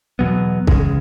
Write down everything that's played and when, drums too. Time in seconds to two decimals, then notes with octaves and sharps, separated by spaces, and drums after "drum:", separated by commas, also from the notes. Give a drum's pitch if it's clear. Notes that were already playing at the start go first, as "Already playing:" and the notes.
0.19 E2 B2 F#3 B3
0.67 E2 C#3 G#3, drum: kick C2